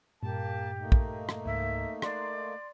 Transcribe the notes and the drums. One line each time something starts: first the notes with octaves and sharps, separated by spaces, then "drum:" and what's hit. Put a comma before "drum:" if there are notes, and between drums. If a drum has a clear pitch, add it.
G2 A#2 A#3 G4 A5
A3 A#3 D#4
drum: kick
drum: rim click
C#2 G#2 E5
D5 C6, drum: rim click